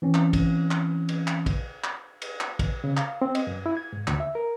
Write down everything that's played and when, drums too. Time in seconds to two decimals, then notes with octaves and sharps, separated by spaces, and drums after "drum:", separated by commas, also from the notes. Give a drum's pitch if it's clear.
0.02 E3 C4 C#4
0.14 drum: clap
0.33 drum: kick, cymbal
0.71 drum: clap
1.09 drum: cymbal
1.27 drum: clap
1.46 drum: kick, cymbal
1.84 drum: clap
2.22 drum: cymbal
2.41 drum: clap
2.59 drum: kick, cymbal
2.84 C#3
2.97 F5, drum: clap
3.22 C4
3.35 D#5, drum: cymbal
3.47 F#2
3.66 E4
3.77 G#6
3.93 G#2
4.07 D2, drum: clap
4.20 E5
4.35 A#4